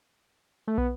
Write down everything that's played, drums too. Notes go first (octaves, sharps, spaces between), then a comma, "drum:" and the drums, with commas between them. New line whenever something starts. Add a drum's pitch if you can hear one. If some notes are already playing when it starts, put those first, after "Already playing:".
A3
B3, drum: kick